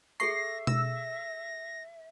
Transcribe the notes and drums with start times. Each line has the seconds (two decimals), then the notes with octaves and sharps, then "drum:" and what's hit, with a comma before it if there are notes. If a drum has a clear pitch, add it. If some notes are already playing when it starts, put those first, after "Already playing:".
0.20 G#4 A4 E5 C#6 A#6 C7
0.67 E6 A#6, drum: tom B2